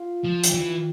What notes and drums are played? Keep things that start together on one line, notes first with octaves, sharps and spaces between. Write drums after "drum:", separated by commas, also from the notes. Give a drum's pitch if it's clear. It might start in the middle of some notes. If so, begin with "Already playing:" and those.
Already playing: F4
F3
drum: hi-hat
E3